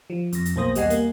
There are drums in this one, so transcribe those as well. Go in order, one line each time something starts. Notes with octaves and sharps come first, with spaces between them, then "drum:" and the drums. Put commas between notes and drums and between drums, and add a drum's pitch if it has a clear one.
F3
F2 A#6, drum: hi-hat
drum: hi-hat
B1 B2 A#3 C5 D#6 A#6
E2 G3 D#5 F#5 G#5 C7, drum: hi-hat
A#3, drum: hi-hat